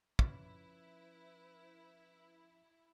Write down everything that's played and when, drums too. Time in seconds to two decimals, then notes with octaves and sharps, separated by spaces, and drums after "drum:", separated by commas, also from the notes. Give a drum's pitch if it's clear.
0.19 F3 C#4 E4 B4, drum: kick